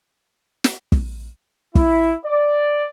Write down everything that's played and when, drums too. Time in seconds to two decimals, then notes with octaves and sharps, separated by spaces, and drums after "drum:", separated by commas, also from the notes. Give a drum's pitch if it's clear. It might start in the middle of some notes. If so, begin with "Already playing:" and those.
0.64 drum: snare
0.92 drum: kick
1.75 E4, drum: kick
2.25 D5